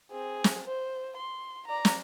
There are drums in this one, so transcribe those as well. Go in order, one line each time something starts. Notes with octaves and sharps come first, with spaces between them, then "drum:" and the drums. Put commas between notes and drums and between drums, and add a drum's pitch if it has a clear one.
C4 G#4
drum: snare
C5
C6
D5 A#5
drum: snare